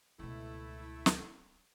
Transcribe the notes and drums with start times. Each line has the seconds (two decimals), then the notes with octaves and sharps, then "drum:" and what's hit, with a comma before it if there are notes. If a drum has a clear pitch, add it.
0.19 C#2 B2 A3 E4
1.06 drum: snare